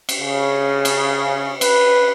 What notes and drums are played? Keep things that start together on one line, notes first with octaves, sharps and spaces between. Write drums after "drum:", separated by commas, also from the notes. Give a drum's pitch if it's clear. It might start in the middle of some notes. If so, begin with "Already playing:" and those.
drum: cymbal
C#3
drum: cymbal
B4, drum: cymbal